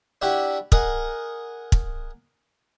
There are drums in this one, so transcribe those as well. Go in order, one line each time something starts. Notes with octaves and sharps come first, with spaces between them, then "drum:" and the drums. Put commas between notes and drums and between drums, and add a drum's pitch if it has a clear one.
D4 E4 F#4 G4 F#5
G#4 A#4 D#5 F#5, drum: kick
drum: kick